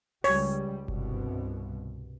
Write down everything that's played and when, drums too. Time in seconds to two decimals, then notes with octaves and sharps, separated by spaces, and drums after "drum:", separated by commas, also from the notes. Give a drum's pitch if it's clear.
0.24 C#2 G3 C#5, drum: open hi-hat
0.88 C2 G2 B2, drum: kick F#1